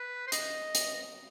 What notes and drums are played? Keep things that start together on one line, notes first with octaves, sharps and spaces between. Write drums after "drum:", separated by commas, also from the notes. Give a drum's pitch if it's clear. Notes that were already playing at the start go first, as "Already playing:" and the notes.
Already playing: B4
C5
D#5, drum: hi-hat
drum: hi-hat